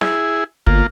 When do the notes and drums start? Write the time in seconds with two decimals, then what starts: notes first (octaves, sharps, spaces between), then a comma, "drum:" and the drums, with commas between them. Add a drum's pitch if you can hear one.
0.01 E4 G#4, drum: snare
0.67 G1 A#3 F4, drum: kick